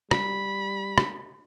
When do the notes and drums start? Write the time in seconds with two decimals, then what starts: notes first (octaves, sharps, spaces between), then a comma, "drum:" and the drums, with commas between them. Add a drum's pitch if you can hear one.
0.11 G3 B5, drum: rim click
0.98 drum: rim click